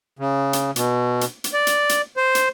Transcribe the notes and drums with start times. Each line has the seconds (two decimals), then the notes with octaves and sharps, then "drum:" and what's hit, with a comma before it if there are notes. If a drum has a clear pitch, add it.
0.19 C#3
0.53 drum: hi-hat
0.76 B2, drum: hi-hat
1.21 drum: hi-hat
1.44 drum: hi-hat
1.53 D5
1.67 drum: hi-hat
1.89 drum: hi-hat
2.17 C5
2.35 drum: hi-hat